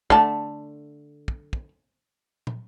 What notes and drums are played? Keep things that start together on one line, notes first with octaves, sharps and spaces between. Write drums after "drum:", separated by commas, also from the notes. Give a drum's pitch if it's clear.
D3 A3 A5, drum: kick
drum: kick
drum: kick
drum: tom